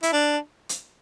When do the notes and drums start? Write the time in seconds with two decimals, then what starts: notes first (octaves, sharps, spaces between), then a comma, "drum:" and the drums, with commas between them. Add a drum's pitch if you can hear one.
0.03 E4, drum: hi-hat
0.13 D4
0.69 drum: hi-hat